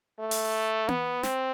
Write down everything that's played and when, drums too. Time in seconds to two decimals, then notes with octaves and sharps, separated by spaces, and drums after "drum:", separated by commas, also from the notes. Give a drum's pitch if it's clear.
0.19 A3
0.31 drum: open hi-hat
0.88 B3, drum: tom B3
1.23 C4, drum: snare